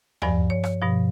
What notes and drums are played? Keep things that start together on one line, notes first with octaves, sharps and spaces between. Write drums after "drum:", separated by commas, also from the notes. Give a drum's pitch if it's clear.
G2 F3 D5 G#5, drum: tom D#2
C#5
C#5, drum: rim click
G2 B2 F3